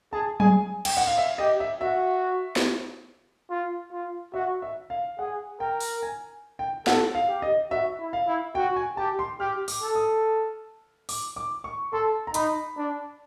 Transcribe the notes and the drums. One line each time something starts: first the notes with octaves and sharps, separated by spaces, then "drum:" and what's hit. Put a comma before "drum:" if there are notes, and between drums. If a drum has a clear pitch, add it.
G#4 A5
G#4 G#5, drum: tom F#3
G5, drum: cymbal
F#5
F5
E5
G4 D#5
E5
F#4 E5
drum: snare
F4
F4
F#4 E5
E5
F5
G#4 F#5
A#4 G5
drum: open hi-hat
G#5
G5
A4 F#5, drum: snare
F5
G4
D#5
F#4 E5
E4
F5
E4
F#4 G5
G#5
G4 A5
C6
G4 F6
D6, drum: open hi-hat
A4
D#6
D6, drum: open hi-hat
D6
C#6
A4 C6
A#5
D#4 B5, drum: hi-hat
D4